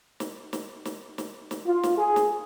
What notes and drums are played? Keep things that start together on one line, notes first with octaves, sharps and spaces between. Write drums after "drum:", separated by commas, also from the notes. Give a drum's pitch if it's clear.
drum: snare
drum: snare
drum: snare
drum: snare
drum: snare
F4
drum: snare
G#4
drum: snare